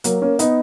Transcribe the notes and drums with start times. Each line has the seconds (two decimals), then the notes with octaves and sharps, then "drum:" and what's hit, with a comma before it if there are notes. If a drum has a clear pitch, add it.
0.04 F#3 A#3, drum: hi-hat
0.22 A#3 C#4
0.39 B3 D#4, drum: hi-hat